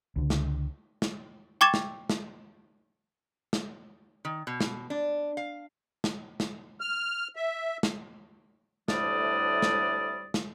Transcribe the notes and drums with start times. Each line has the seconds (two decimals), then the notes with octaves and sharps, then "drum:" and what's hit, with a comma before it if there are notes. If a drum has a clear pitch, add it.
0.16 C#2 D3
0.30 drum: snare
1.02 drum: snare
1.61 G5 C#6 D6 G#6 A6 E7
1.74 drum: snare
2.10 drum: snare
3.53 drum: snare
4.25 D#3
4.47 B2
4.61 drum: snare
4.90 D4
5.37 F5
6.04 drum: snare
6.40 drum: snare
6.80 F6
7.36 E5
7.83 drum: snare
8.88 D2 A2 C3 G3 D5 D#6, drum: snare
9.62 drum: snare
10.34 drum: snare